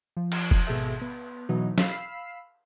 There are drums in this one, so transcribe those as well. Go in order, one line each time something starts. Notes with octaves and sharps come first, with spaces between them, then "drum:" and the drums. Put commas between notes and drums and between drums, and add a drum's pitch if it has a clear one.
F3
drum: cymbal
drum: kick
G#1 B2 G#4 A4 E5
B3
B2 E3 F#3 B3 D#4
F5 B5 E6 C7, drum: snare